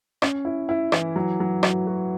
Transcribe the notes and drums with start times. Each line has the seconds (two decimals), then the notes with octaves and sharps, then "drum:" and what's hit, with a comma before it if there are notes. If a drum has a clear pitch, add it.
0.22 C#4, drum: rim click
0.45 E4
0.69 E4
0.92 E3, drum: rim click
1.16 F#3
1.40 F#3
1.63 F#3, drum: rim click
1.87 F#4